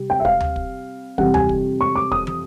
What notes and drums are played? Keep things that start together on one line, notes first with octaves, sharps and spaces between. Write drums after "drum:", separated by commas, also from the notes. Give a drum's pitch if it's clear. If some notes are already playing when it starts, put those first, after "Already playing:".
Already playing: C3 G3
G5
E5
F5, drum: kick
drum: tom D2
drum: kick
F2 C3 E3 G3 F#5, drum: kick
G#5, drum: tom D2
drum: kick
C#6
D6
D#6, drum: kick
drum: tom